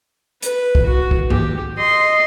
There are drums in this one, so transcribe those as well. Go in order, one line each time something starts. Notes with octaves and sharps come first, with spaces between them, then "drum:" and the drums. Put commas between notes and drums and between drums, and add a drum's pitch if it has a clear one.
B4, drum: hi-hat
drum: kick
F#4
drum: kick
G4, drum: tom
D#5 C6